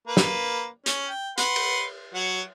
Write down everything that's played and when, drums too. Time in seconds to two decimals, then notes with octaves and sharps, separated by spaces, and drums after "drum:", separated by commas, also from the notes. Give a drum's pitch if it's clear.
0.07 A#3 B4
0.17 drum: snare
0.86 C#4, drum: hi-hat
1.08 G5
1.38 B4 F#5 C6, drum: hi-hat
1.56 drum: cymbal
2.14 F#3 F#5